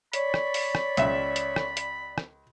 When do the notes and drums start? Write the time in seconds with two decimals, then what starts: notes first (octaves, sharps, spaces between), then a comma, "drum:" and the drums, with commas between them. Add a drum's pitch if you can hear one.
0.13 C#5 D5 B5, drum: hi-hat
0.34 drum: rim click
0.54 drum: open hi-hat
0.75 drum: rim click
0.97 C#2 E5, drum: hi-hat
1.36 drum: hi-hat
1.56 drum: rim click
1.77 drum: hi-hat
2.18 drum: rim click